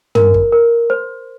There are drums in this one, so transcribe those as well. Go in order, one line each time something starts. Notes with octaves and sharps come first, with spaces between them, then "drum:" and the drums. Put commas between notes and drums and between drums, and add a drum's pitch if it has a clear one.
A#4, drum: tom
drum: kick
A#4
C5